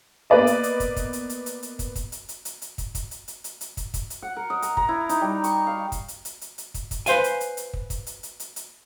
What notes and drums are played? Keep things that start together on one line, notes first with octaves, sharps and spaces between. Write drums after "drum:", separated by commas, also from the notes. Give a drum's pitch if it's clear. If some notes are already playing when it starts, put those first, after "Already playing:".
A#3 B3 B4 D5 D#5
drum: hi-hat
drum: hi-hat
drum: kick, hi-hat
drum: kick, hi-hat
drum: hi-hat
drum: hi-hat
drum: hi-hat
drum: hi-hat
drum: kick, hi-hat
drum: kick, hi-hat
drum: hi-hat
drum: hi-hat
drum: hi-hat
drum: hi-hat
drum: kick, hi-hat
drum: kick, hi-hat
drum: hi-hat
drum: hi-hat
drum: hi-hat
drum: hi-hat
drum: kick, hi-hat
drum: kick, hi-hat
drum: hi-hat
F#5
A#4
D#5
A#5, drum: hi-hat
A#5, drum: kick
E4
D#4, drum: hi-hat
G3
C#6, drum: hi-hat
F5
drum: kick, hi-hat
drum: hi-hat
drum: hi-hat
drum: hi-hat
drum: hi-hat
drum: kick, hi-hat
drum: kick, hi-hat
B4 C5 F5 G#5, drum: hi-hat
drum: hi-hat
drum: hi-hat
drum: hi-hat
drum: kick
drum: kick, hi-hat
drum: hi-hat
drum: hi-hat
drum: hi-hat
drum: hi-hat